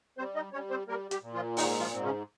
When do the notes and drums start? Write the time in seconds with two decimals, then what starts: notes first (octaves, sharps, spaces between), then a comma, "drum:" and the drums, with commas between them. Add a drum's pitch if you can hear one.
0.18 G3 C4 C5
0.36 D#4 D#5
0.53 G3 C#4 C#5
0.70 C4 C5
0.87 G3 A#3 A#4
1.11 G3 G4, drum: hi-hat
1.22 A#2
1.34 F3 F4
1.57 G#2 D#3 D#4, drum: open hi-hat
1.80 F3 F4
1.92 G#2 C4
2.03 C#3 C#4